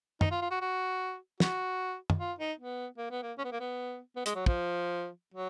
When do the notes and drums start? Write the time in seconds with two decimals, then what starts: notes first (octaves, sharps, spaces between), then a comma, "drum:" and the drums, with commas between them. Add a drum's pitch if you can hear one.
0.21 D#4, drum: tom
0.31 F4
0.42 F4
0.51 F#4
0.61 F#4
1.40 F#4, drum: snare
2.10 drum: tom
2.19 F4
2.39 D#4
2.59 B3
2.98 A#3
3.11 B3
3.22 A#3
3.38 C#4
3.45 B3
3.52 A#3
3.60 B3
4.16 B3
4.26 G#3, drum: hi-hat
4.35 F#3
4.46 F3, drum: kick
5.34 F#3